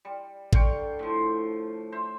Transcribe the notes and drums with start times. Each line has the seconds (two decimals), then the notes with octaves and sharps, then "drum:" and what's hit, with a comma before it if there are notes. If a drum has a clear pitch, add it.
0.05 G3
0.53 D3 F5 G5 C#6, drum: kick A1
0.99 A2 F3
1.92 C5 E5